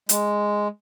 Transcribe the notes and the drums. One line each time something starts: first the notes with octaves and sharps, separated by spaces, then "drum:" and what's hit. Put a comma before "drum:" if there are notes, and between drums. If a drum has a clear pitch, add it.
G#3, drum: hi-hat